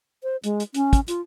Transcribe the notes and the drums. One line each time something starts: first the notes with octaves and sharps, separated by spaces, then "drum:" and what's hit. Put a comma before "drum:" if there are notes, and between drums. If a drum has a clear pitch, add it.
C5
G#3, drum: hi-hat
drum: hi-hat
C#4, drum: hi-hat
drum: kick, hi-hat
F4, drum: hi-hat